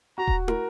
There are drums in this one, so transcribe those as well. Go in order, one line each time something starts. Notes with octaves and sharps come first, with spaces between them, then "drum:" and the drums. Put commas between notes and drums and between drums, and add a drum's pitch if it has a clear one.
F#4 A#5
drum: kick D#1
A#4, drum: tom